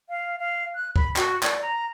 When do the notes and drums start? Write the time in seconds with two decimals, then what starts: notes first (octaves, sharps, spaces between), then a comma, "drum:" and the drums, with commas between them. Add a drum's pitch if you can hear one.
0.09 F5
0.39 F5
0.75 F#6
0.96 B5, drum: kick
1.16 F#4, drum: clap
1.43 D5, drum: clap
1.61 A#5